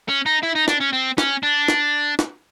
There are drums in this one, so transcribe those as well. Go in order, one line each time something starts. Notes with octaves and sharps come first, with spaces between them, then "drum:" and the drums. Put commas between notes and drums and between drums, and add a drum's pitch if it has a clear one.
C#4
D#4
E4
D#4
D4, drum: snare
C#4
C4
C#4, drum: snare
D4
drum: snare
drum: snare